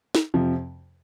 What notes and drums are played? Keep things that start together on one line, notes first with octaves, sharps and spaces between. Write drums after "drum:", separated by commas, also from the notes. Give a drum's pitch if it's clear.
drum: snare
F2 C3 F3